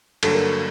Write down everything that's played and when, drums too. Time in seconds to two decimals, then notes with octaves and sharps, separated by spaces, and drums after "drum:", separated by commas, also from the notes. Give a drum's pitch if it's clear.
0.23 G2 D3 F#3 A#3 A4, drum: cymbal
0.34 A#4